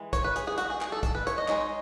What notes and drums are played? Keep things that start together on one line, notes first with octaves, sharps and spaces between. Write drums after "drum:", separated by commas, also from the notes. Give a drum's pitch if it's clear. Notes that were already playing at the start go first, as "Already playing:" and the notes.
Already playing: E3 G#3
C#5, drum: kick, hi-hat
B4
G#4, drum: hi-hat
G#4
F#4, drum: hi-hat
G#4
G#4, drum: clap
A4
A4, drum: kick, hi-hat
B4
C#5, drum: hi-hat
D#5
G#3 D#4 C#5, drum: clap